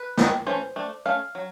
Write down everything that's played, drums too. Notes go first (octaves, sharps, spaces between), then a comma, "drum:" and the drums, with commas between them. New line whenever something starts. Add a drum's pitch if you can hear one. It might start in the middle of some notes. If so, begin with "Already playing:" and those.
Already playing: B4
D#3 G#3 B3 D#4, drum: snare
E3 A3 C#4 C5
A3 D4
A3 C#4 F5
F#3